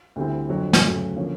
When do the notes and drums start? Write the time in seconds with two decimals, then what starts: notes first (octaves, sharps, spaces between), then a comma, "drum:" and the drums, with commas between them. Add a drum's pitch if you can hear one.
0.16 D2 D3 G3 C4 E4
0.49 F2 D3 F#3
0.73 drum: snare
0.83 D2 C#3 F#3 A3
1.16 D3 F3 A#3 C#4